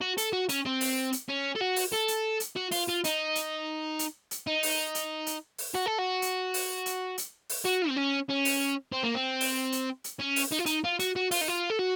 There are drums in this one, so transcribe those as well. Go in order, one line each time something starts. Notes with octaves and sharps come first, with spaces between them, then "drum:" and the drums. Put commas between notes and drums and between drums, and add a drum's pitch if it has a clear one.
F#4
A4, drum: hi-hat
F#4
C#4, drum: hi-hat
C4
drum: open hi-hat
drum: hi-hat
C#4
A4
F#4
drum: open hi-hat
A4
drum: hi-hat
drum: hi-hat
F#4
F4, drum: open hi-hat
F4
D#4, drum: hi-hat
drum: hi-hat
drum: hi-hat
drum: hi-hat
D#4
drum: open hi-hat
drum: hi-hat
drum: hi-hat
drum: open hi-hat
F#4
A4
F#4
drum: hi-hat
drum: open hi-hat
drum: hi-hat
drum: hi-hat
drum: open hi-hat
F#4
C4
C#4
C#4
drum: open hi-hat
C4
A#3
C4
drum: open hi-hat
drum: hi-hat
drum: hi-hat
C#4
drum: open hi-hat
D#4
F4
D#4, drum: hi-hat
F4
F#4, drum: hi-hat
F#4
F4, drum: open hi-hat
D#4
F4
A4
F#4